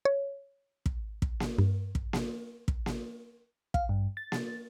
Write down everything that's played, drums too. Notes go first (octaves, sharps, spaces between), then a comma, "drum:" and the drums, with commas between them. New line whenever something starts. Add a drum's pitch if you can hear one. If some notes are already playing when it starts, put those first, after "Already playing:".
C#5
drum: kick
drum: kick
drum: snare A#3
G2
drum: kick
drum: snare A#3
drum: kick
drum: snare A#3
F5, drum: kick
G2
A6
drum: snare A#3